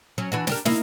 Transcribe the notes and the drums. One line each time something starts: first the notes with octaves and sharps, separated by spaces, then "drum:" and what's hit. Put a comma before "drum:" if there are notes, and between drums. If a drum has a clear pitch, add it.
F#3 C#4
E3 D4 F#4
D4 G4 A#4, drum: snare
A#3 D#4 E4, drum: snare